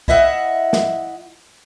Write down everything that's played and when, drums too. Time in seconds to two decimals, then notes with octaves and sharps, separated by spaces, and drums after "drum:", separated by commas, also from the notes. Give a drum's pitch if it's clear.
0.08 E4 D#5 E5 F#5, drum: kick
0.73 drum: snare